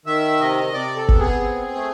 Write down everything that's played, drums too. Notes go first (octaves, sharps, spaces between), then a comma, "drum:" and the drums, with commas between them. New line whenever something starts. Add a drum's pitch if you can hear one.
D#3 E5
C3 D#5
C3 D5
A4
B3, drum: kick G1
G#4
C4
A3